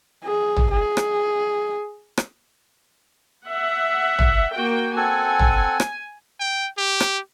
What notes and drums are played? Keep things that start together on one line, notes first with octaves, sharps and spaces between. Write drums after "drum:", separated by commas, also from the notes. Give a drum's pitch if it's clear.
G#4
drum: tom
G#4
drum: rim click
drum: rim click
E5 F#5
drum: tom
A#3 F#4 G5
C4 A4 F#5 G#5
drum: tom
drum: rim click
G5
G4
drum: rim click